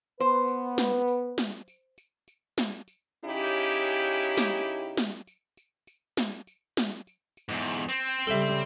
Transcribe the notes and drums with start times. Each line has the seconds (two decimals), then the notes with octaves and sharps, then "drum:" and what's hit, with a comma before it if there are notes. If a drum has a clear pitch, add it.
0.20 B3 B4 C5, drum: tambourine
0.48 drum: tambourine
0.78 drum: snare
1.08 drum: tambourine
1.38 drum: snare
1.68 drum: tambourine
1.98 drum: tambourine
2.28 drum: tambourine
2.58 drum: snare
2.88 drum: tambourine
3.25 C#3 C#4 D#4 E4 G4
3.48 drum: tambourine
3.78 drum: tambourine
4.38 drum: snare
4.68 drum: tambourine
4.97 drum: snare
5.27 drum: tambourine
5.57 drum: tambourine
5.87 drum: tambourine
6.17 drum: snare
6.47 drum: tambourine
6.77 drum: snare
7.07 drum: tambourine
7.37 drum: tambourine
7.49 E2 G#2
7.67 drum: tambourine
7.89 C4
8.27 C#3 G3 A4 E5, drum: tambourine